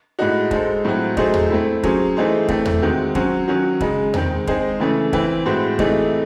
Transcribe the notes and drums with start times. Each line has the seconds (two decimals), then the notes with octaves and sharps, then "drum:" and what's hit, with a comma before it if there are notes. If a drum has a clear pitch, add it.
0.19 A2 G#3 D#4 F#4
0.51 G#3 D#4 A4 C5, drum: kick
0.85 A2 F#3 C4 F#4
1.17 F#3 A3 D#4 G#4 C5, drum: kick
1.34 drum: tom E2
1.50 A3 C4 E4
1.83 F#3 C#4 G#4 C5, drum: kick
2.17 E3 A3 D#4 G#4 C5
2.48 E3 A3 C4, drum: kick
2.65 drum: tom E2
2.82 C3 D#3 G#3 C4 F#4
3.15 F#3 C#4 F#4 C5, drum: kick
3.48 D#3 F#3 C#4 F#4
3.80 C#3 G#3 D#4, drum: kick
4.14 D#3 G#3 C4, drum: tom E2
4.47 G#3 C4 D#4 G#4 C5, drum: kick
4.80 C#3 E3 A3 C#4
5.13 E3 C4 E4, drum: kick
5.46 A2 G#3 C4 F#4 C5
5.79 C3 E3 A3 D#4 G#4, drum: kick